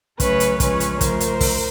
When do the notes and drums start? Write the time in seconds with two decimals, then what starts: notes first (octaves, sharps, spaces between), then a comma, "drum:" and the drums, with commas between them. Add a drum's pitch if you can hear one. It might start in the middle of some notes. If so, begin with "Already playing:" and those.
0.20 C#3 F#3 A3 C#4 B4 C#5, drum: kick, hi-hat
0.40 drum: hi-hat
0.60 C#3 F3 G#3 C#4 B4 C#5, drum: kick, hi-hat
0.80 drum: hi-hat
1.01 C#3 F3 A3 A#4 C5, drum: kick, hi-hat
1.20 drum: hi-hat
1.41 drum: kick, open hi-hat